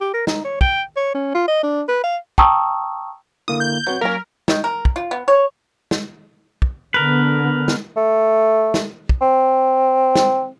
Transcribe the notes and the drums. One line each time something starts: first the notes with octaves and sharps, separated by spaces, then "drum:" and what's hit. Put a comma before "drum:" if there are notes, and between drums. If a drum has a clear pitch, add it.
G4
A#4
D#4, drum: snare
C#5
G5, drum: kick
C#5
C#4
F4
D#5
D4
B4
F5
G5 A5 A#5 C#6 D#6 E6, drum: kick
D3 A#3 E4 D#6
G6
F#3 C4 F#4 B4
F#3 A#3 C#4 A#4 B6
D#3, drum: snare
A#4
drum: kick
F4
B3
C#5
drum: snare
drum: kick
D3 B3 A#4 B4
drum: snare
A3
drum: snare
drum: kick
C4
drum: snare